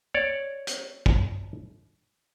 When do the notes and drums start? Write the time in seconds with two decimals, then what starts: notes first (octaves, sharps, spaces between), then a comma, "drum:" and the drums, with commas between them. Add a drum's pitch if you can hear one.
0.14 C#5 D5
0.67 drum: hi-hat
1.06 drum: kick